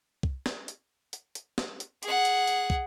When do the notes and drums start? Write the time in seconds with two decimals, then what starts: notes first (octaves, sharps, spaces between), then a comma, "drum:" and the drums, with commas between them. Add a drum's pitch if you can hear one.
0.23 drum: kick
0.46 drum: snare
0.68 drum: hi-hat
1.13 drum: hi-hat
1.35 drum: hi-hat
1.58 drum: snare
1.80 drum: hi-hat
2.03 G#4 F#5, drum: hi-hat
2.25 drum: hi-hat
2.47 drum: hi-hat
2.70 drum: kick